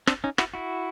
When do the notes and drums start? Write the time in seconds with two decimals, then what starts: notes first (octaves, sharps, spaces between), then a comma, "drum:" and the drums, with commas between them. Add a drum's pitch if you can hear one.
0.07 C4 D4, drum: rim click
0.24 C#4 D#4
0.38 E4 F#4, drum: rim click
0.54 E4 F#4